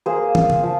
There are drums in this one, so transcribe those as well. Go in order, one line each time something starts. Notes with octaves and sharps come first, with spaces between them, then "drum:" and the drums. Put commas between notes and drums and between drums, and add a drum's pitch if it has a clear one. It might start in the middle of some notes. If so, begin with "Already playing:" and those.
A#3 G#4 C5
F4, drum: tom
drum: tom C#3
F3